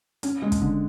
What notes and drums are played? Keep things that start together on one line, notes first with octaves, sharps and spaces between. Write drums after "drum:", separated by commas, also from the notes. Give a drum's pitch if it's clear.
C#4, drum: hi-hat
G#3
drum: kick, hi-hat
D3